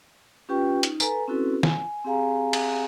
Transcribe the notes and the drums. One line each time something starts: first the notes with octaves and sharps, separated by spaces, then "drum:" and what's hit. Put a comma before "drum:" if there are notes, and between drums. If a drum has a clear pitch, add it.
C#4 F4 G4 B4 G5 C#6
D#4, drum: hi-hat
A4 B4 G#5 A#5, drum: tambourine
C4 C#4 E4 F#4 A4 B4
G#5, drum: snare
C4 G4 G#4 F5 G#5 A#5
drum: cymbal